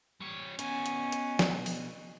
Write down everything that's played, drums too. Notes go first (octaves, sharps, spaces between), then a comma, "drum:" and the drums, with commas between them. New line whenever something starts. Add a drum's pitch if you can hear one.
G3 C#5
B2 C#4 G#5, drum: hi-hat
drum: hi-hat
drum: hi-hat
drum: snare
drum: open hi-hat